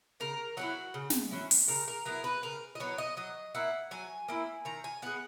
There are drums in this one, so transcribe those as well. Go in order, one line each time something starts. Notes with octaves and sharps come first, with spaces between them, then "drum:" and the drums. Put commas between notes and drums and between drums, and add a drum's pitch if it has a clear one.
C#3 A#4
F#3 C#4 E4 F#4
C#3
drum: snare
F#3 C#4 E4
drum: open hi-hat
C#3 A#4
A#4
F#3 B3 E4 A#4
B4
C#3 A#4
D#5
F#3 B3 E4 C#5
D#5
F#3 D#5
A#3 E4 F#5
F#3 G#5
A#3 E4
D#3 A#5
G#5
G#3 B3 F#5